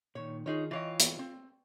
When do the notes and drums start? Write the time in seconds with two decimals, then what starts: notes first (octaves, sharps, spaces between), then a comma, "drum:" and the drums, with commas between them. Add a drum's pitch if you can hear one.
0.15 A#2 D#3 C#5
0.46 D#3 D#4 F4 G#4 C#5
0.71 E3 F4 C#5 D#5 F5 G5
1.00 drum: hi-hat
1.19 C4